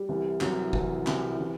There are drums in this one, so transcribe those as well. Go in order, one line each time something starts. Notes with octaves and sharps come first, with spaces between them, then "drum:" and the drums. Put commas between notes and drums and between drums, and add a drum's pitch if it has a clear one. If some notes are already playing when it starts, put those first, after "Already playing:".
Already playing: G3
C2 C3 E3
C2 C3 E3 F#3, drum: clap
C2 C3 E3, drum: kick
C2 C3 E3, drum: clap
C3 E3